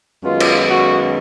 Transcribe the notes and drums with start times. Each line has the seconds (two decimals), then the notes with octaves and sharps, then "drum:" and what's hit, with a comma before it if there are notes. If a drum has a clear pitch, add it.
0.24 F#2 D#3 G#3 B3 F4
0.40 drum: cymbal
0.68 F#4